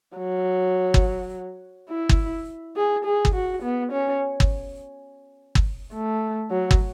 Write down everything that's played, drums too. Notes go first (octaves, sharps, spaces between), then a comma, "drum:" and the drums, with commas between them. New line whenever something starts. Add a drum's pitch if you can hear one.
F#3
drum: kick
E4
drum: kick
G#4
G#4
drum: kick
F#4
B3
C#4
drum: kick
drum: kick
A3
F#3
drum: kick